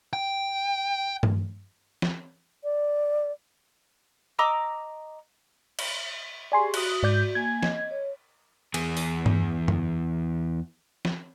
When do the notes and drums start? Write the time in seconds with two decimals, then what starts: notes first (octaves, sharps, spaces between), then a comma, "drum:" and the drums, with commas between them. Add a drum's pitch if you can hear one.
0.13 G5
1.23 drum: tom G2
2.02 drum: snare
2.64 D5
4.39 D#5 A#5 D6 E6
5.79 drum: cymbal
6.52 G4 G#4 D5 G#5 C6 C#6
6.74 F#4 D#6 F#6, drum: cymbal
7.03 G#2 D5 G6
7.35 A#3 G#5 G#6
7.63 D#5, drum: snare
7.91 C#5
8.74 E2 G#4, drum: cymbal
8.97 drum: open hi-hat
9.26 drum: tom G2
9.68 drum: tom F#2
11.05 drum: snare